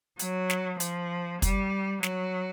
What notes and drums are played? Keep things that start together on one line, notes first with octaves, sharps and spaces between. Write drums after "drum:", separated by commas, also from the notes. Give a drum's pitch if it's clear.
F#3, drum: hi-hat
drum: snare
F3, drum: hi-hat
G3, drum: kick, hi-hat
F#3, drum: snare